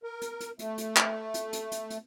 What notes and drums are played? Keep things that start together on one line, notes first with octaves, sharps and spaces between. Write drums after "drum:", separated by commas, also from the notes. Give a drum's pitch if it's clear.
A#4
drum: hi-hat
drum: hi-hat
A3, drum: hi-hat
drum: hi-hat
drum: clap
drum: hi-hat
drum: hi-hat
drum: hi-hat
drum: hi-hat